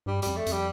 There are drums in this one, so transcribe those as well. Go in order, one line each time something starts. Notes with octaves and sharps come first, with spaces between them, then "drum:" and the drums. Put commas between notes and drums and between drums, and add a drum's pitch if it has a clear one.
G2 G3
F2 G3, drum: hi-hat
A3
F2, drum: hi-hat
G3